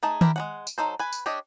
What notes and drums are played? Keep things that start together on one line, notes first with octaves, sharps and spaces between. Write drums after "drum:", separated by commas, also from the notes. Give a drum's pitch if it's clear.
A3 D#4 G#4 A5
D4 E4 G4 A#4, drum: tom D#3
G#3 C#4 F#5
drum: tambourine
F#3 D#4 A4 C5
B4 G#5
drum: tambourine
D4 G4 C#5 D#5